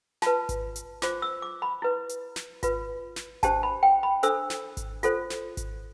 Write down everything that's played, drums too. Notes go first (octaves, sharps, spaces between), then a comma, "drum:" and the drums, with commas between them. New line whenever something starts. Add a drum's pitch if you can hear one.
F4 B4 A5, drum: snare
drum: kick G#1, hi-hat
drum: hi-hat
F4 C5 D6, drum: snare
E6
D6
B5
E4 B4
drum: hi-hat
drum: snare
F4 B4, drum: kick G#1, hi-hat
drum: snare
D4 G4 C5 A5, drum: kick G#1, hi-hat
B5
G5
B5
D4 A4 C5 E6, drum: hi-hat
drum: snare
drum: kick G#1, hi-hat
F4 A4 C5, drum: hi-hat
drum: snare
drum: kick G#1, hi-hat